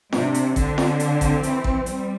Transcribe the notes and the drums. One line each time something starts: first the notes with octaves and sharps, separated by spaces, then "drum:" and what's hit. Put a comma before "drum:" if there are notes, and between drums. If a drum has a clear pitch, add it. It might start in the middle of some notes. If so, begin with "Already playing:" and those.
C3 D4, drum: snare
drum: hi-hat
D3 C4, drum: kick, hi-hat
drum: snare
C4, drum: hi-hat
drum: kick, hi-hat
E3, drum: hi-hat
drum: kick
G3, drum: hi-hat